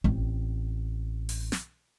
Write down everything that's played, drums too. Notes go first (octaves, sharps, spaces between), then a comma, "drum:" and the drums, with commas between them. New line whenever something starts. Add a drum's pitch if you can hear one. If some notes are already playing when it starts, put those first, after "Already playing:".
A1 C4, drum: kick G1
drum: open hi-hat
drum: snare